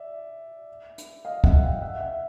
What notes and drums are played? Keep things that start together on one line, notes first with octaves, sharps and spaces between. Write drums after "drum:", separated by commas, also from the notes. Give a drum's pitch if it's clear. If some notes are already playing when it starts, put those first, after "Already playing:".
Already playing: D5 E5
drum: hi-hat
D#5 F5
E5 F#5, drum: kick
F5 G5
E5 F#5
E5 F#5